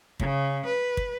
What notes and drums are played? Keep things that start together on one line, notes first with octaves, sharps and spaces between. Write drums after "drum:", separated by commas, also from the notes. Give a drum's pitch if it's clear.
C#3, drum: kick
B4
drum: kick